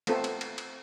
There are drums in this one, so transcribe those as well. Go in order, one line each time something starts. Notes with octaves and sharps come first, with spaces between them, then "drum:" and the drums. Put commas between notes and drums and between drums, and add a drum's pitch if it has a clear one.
A3 B3 C4 F4 A4, drum: cymbal
drum: cymbal
drum: cymbal
drum: cymbal